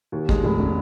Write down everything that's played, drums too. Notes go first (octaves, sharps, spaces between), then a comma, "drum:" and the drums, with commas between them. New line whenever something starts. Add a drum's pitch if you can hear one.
D#2
G#3, drum: kick
F1
C#3